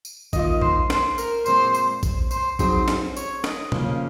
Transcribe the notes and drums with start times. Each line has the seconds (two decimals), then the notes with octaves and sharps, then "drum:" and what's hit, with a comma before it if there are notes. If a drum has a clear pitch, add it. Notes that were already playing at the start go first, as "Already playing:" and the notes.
0.05 drum: tambourine
0.33 D#3 A#3 F4 D#5, drum: kick A#1, tambourine
0.62 C5, drum: kick A#1
0.90 C5, drum: snare
1.18 A#4, drum: tambourine
1.46 A#2 G#3 C4 C5, drum: tambourine
1.75 drum: tambourine
2.03 drum: kick A#1, tambourine
2.31 C5, drum: tambourine
2.59 F#3 C4 D#4 G#4 C5, drum: kick A#1, tambourine
2.88 drum: snare
3.17 C#5, drum: tambourine
3.44 D#5, drum: snare
3.72 C#3 F3 A#3 C#4, drum: tom A#2